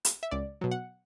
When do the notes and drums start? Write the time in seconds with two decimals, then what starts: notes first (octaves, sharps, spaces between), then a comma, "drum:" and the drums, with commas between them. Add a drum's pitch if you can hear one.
0.05 drum: hi-hat
0.23 E5
0.31 C#2 D5
0.61 B2 F#3
0.71 F#5